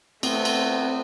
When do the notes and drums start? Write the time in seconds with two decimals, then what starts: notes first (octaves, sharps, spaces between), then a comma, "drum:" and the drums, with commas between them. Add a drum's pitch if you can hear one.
0.23 A3 B3 C4, drum: cymbal
0.45 drum: cymbal